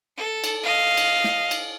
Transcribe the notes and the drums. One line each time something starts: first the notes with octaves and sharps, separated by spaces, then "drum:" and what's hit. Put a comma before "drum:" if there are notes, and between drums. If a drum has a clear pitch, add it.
A4
drum: cymbal
D#5 F5
drum: cymbal
drum: snare
drum: cymbal